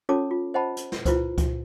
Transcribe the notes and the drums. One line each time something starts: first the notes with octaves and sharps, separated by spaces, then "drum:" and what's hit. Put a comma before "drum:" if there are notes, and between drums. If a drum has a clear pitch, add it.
C#4 F4 A4 C#5 A5 D6
F4
C5 D#5 F#5 A5 B5
drum: hi-hat
drum: snare
E4 F4 B4 C5, drum: kick C#2, hi-hat
drum: kick C#2, hi-hat